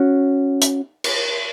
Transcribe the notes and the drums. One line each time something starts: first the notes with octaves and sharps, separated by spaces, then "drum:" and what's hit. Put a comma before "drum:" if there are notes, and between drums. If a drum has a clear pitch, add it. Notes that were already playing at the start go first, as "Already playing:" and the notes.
Already playing: C#4 F#4
drum: hi-hat
drum: cymbal